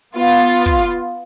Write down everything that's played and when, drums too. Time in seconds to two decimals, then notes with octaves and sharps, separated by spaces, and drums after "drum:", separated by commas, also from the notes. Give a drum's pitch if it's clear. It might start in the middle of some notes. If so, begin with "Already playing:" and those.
0.14 B3 F4
0.66 drum: kick